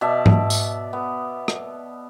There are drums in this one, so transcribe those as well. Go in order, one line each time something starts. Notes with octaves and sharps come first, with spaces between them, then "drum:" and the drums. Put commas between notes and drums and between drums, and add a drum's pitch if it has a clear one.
B2 D5 E5 A5
drum: tom G#2
drum: tambourine
B3
drum: rim click